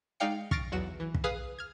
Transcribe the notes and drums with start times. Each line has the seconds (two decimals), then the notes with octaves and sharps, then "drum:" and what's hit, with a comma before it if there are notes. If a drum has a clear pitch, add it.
0.20 G#3 D#4 D5 F5 G5 C#7
0.51 C#6 F6 A6 A#6 C7 D7, drum: kick
0.72 B1 E2 F#3 F#4 E7
1.00 E3
1.14 drum: kick
1.24 G#4 B4 F5 D#6 F6
1.59 F6 G#6